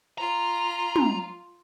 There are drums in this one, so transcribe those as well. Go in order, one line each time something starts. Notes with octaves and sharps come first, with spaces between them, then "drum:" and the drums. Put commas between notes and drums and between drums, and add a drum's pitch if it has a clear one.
F4 A#5
drum: tom